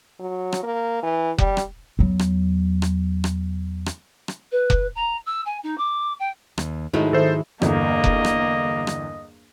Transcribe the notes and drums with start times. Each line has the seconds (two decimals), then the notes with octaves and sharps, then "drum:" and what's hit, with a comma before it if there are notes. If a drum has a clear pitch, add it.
0.20 F#3
0.52 drum: rim click
0.63 A#3
1.03 E3
1.38 G3, drum: kick F1
1.57 drum: rim click
1.99 E2 F#3
2.19 drum: rim click
2.82 drum: rim click
3.24 drum: rim click
3.86 drum: rim click
4.28 drum: rim click
4.52 B4
4.70 drum: kick F1
4.95 A#5
5.26 E6
5.46 G#5
5.63 D#4
5.78 D6
6.19 G5
6.58 D#2, drum: rim click
6.93 G#2 D#3 F#3 G#3 A3 D#4 E4
7.13 D#3 A4 C5 E5
7.62 G1 E2 A#3 D#5, drum: rim click
8.04 drum: kick F1
8.25 drum: rim click
8.87 drum: rim click